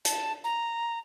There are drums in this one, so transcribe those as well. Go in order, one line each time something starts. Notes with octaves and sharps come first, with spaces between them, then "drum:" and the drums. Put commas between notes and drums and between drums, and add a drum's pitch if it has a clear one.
A5, drum: hi-hat
A#5